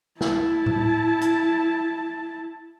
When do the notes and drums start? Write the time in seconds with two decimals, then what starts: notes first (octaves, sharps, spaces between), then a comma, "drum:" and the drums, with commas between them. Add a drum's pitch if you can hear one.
0.21 E4 A5, drum: snare
0.66 drum: tom A2
1.21 drum: hi-hat